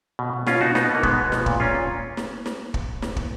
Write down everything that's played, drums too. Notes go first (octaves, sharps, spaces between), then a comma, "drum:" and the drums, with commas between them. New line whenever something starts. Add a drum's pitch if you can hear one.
B2
B2
B2 C#4 F4, drum: snare
B2 D#4 F#4
B2 B3 D#4, drum: snare
B2
A#3
B2 G#3 B3, drum: kick
B2
F3, drum: snare
A#2, drum: kick
A#2 C#4 F4
A#2
drum: snare
drum: snare
drum: kick
drum: snare
drum: kick